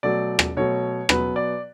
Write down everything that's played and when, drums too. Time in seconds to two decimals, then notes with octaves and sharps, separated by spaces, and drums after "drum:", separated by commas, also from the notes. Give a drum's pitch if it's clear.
0.03 B2 F#3 A3 D5
0.39 drum: rim click
0.57 B2 F#3 A3 C#5
1.09 B2 F#3 B3 B4, drum: rim click
1.36 D5